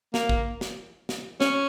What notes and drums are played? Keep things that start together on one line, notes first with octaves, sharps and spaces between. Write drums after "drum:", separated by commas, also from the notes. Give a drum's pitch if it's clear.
A#3, drum: snare
drum: kick
drum: snare
drum: snare
C#4, drum: snare